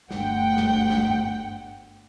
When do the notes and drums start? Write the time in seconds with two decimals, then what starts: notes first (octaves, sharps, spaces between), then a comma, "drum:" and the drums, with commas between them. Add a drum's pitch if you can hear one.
0.11 G1 D2 F#5 G5, drum: snare
0.57 drum: snare
0.90 drum: snare
1.10 drum: tom F#2